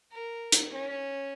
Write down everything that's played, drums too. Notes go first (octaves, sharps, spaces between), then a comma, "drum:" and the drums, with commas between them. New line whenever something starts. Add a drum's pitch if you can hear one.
A#4
drum: hi-hat
C#4